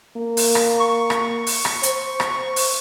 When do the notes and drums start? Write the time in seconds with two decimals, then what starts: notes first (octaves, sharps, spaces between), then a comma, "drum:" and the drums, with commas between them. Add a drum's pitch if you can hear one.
0.17 A#3
0.37 drum: open hi-hat
0.55 drum: rim click
0.79 C#6
1.10 drum: rim click
1.47 drum: open hi-hat
1.65 drum: rim click
1.83 C5, drum: hi-hat
2.20 drum: rim click
2.56 drum: open hi-hat